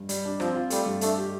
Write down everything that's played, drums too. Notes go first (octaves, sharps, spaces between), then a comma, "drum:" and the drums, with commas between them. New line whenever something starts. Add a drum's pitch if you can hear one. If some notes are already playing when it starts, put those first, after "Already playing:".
Already playing: G2
G3, drum: hi-hat
D4
F3 C4, drum: rim click
F4
G3 A3, drum: hi-hat
G2
A3 D4, drum: hi-hat
G4